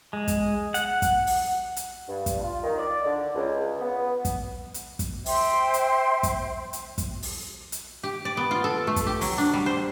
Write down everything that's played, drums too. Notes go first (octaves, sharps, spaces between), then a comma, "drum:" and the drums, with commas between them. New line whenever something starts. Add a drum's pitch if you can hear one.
G#3
drum: kick, hi-hat
F#5, drum: hi-hat
drum: kick, hi-hat
drum: open hi-hat
drum: hi-hat
G2
drum: kick, hi-hat
F4
D#3
D5
D3
C#2
B3
drum: kick, hi-hat
drum: hi-hat
drum: kick, hi-hat
C5 E5 G5 C6, drum: open hi-hat
drum: hi-hat
drum: kick, hi-hat
drum: hi-hat
drum: kick, hi-hat
drum: open hi-hat
drum: hi-hat
G4
D5
B3
F4
A4
A3
drum: kick, hi-hat
G4
F#3, drum: open hi-hat
D4
G3
C5